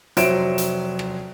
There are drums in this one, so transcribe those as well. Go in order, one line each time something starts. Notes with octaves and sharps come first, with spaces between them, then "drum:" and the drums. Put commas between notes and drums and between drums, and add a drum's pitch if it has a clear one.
F1 F#3 C5 E5 D7 E7, drum: hi-hat
drum: hi-hat
drum: rim click